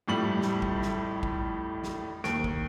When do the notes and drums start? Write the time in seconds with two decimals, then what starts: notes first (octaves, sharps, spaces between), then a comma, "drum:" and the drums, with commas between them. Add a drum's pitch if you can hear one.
0.08 F2 A2 G3 F#7
0.42 drum: snare
0.62 drum: kick
0.82 drum: snare
1.23 drum: kick
1.84 drum: snare
2.24 D#2 D7, drum: snare
2.44 drum: kick